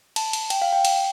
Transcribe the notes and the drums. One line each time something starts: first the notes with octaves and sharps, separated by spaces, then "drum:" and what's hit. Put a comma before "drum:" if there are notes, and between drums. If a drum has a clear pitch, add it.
A5, drum: cymbal
drum: cymbal
G5, drum: cymbal
F5
G5
drum: cymbal